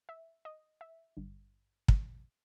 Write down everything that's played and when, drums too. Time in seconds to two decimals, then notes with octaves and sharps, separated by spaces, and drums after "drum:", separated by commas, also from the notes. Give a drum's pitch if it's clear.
0.09 E5
0.45 D#5
0.81 E5
1.17 G#1 G2 D3
1.88 drum: kick